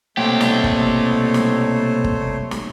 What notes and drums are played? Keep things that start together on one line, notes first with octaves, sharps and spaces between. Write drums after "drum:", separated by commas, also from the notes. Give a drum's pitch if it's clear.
C2 B2 A3 A#3 G4 C5 C#5 G5
drum: snare
drum: kick
drum: snare
drum: kick
drum: snare